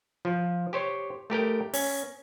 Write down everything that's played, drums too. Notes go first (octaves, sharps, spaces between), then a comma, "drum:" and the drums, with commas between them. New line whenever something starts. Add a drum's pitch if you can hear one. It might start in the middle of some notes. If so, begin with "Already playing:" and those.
F3
G4 C5 C#5
A3 G4 A#4 G5
C#4, drum: open hi-hat